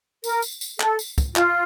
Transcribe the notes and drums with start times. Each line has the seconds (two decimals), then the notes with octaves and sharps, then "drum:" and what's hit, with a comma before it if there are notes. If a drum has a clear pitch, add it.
0.24 A#4, drum: tambourine
0.42 drum: tambourine
0.61 drum: tambourine
0.80 A4, drum: clap
0.99 drum: tambourine
1.18 drum: kick, tambourine
1.36 F4, drum: clap